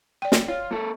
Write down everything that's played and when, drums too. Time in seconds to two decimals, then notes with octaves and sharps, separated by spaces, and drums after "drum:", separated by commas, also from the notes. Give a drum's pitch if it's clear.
0.22 D5 G5
0.32 drum: snare
0.48 F4 C#5
0.71 A#3 A4